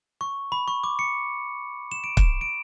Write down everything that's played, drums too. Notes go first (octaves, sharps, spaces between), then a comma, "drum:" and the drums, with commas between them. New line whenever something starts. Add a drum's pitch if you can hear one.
C#6
B5
C#6
D6
C#7
E7
D7
E7, drum: kick
D7